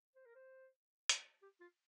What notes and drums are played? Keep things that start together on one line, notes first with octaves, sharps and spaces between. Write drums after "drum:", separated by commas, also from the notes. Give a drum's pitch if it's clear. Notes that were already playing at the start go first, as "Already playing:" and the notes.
C5
A#4
C5
drum: hi-hat
G4
F4